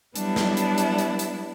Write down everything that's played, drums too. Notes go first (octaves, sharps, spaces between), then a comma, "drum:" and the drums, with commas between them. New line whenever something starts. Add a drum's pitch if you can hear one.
F#3 G3 B3 D4 E4, drum: hi-hat
drum: snare
drum: hi-hat
drum: hi-hat
drum: hi-hat
drum: hi-hat